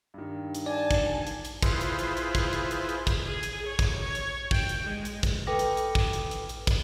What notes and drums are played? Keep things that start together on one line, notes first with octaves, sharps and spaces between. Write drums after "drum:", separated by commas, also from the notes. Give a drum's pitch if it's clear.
G2 D#3
drum: hi-hat
D5 G#5 A5
drum: kick, hi-hat
drum: hi-hat
drum: hi-hat
E4 F4 G#4 B4 C5, drum: kick, hi-hat
drum: hi-hat
drum: hi-hat
drum: hi-hat
drum: kick, hi-hat
drum: hi-hat
drum: hi-hat
drum: hi-hat
drum: kick, hi-hat
G#4
drum: hi-hat
C#5
drum: kick, hi-hat
C#5
drum: hi-hat
G5, drum: kick
drum: hi-hat
G#3
drum: hi-hat
drum: kick, hi-hat
A4 B4 G5 D6 A#6
drum: hi-hat
drum: hi-hat
drum: kick
drum: hi-hat
drum: hi-hat
drum: hi-hat
drum: kick, hi-hat